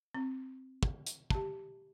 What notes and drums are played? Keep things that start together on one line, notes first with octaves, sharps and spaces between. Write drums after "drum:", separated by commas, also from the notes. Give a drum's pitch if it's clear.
C4
drum: kick
drum: hi-hat
G4 A5, drum: kick